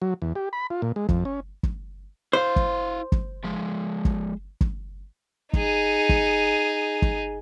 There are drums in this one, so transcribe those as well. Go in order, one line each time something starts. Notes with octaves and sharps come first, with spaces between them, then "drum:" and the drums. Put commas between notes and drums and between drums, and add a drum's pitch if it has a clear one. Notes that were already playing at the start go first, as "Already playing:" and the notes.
F#3
E2
G4
B5
F4
A#2
G#3
F2, drum: kick
C#4
drum: kick
E4 C5 F5
drum: kick
drum: kick
F3 G#3
drum: kick
drum: kick
D#4 G#4, drum: kick
drum: kick
drum: kick